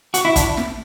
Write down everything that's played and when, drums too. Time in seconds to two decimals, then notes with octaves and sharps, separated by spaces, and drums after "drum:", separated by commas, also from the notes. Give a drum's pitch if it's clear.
0.14 F#4, drum: hi-hat
0.25 E4
0.36 D4, drum: kick, hi-hat
0.57 drum: snare